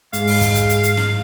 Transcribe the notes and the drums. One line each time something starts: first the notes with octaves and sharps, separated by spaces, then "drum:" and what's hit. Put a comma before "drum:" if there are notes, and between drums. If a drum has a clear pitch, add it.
G#2 G#3 F5, drum: hi-hat
drum: open hi-hat
drum: kick, hi-hat
drum: hi-hat
drum: hi-hat
drum: hi-hat
drum: snare